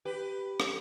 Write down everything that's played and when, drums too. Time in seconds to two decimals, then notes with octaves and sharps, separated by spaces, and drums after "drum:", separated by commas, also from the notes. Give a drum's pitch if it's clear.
0.05 G4 B4
0.60 drum: rim click